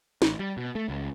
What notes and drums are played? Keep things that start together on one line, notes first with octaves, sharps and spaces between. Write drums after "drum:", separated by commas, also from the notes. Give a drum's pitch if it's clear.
A1, drum: snare
G3
B2
A3
C#2